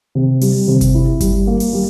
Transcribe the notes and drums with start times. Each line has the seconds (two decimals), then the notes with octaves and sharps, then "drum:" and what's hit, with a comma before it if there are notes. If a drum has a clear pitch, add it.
0.15 C3
0.41 G3, drum: open hi-hat
0.68 C3
0.81 drum: kick G1, hi-hat
0.94 E4
1.21 G3, drum: kick G1, hi-hat
1.47 A#3
1.60 drum: open hi-hat
1.73 G3